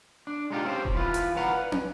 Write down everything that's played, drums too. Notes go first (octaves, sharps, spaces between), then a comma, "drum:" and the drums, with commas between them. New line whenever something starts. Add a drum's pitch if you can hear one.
D4
G#3 D4 D#4 F4 G4
C4 C#4 E4 F4 G4 C5
drum: kick E1
E3 F4 B4
drum: hi-hat
E4 B4 D5 F5 F#5 A#5
B4
drum: tom